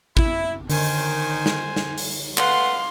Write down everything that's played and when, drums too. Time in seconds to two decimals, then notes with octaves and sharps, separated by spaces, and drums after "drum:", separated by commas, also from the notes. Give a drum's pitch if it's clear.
0.17 E4, drum: kick
0.70 D3 D#3 C5 G#5, drum: open hi-hat
1.46 drum: snare
1.76 drum: snare
1.98 drum: open hi-hat
2.38 A3 B4 F5 F#5 C6, drum: clap